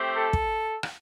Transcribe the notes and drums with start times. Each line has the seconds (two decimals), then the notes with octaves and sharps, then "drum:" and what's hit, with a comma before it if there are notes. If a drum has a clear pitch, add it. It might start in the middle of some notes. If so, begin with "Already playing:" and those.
Already playing: A3 C4 G4
0.17 A4
0.33 drum: kick
0.83 drum: rim click